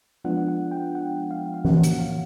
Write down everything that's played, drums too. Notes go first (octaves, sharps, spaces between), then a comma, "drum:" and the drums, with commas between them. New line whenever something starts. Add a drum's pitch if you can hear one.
F3 G#3 B3 D4 F4 F#5
F#5
G5
F#5
F5
F5
A2 F3 A#3 C#4 F#5, drum: tom E3
F#5, drum: hi-hat
F5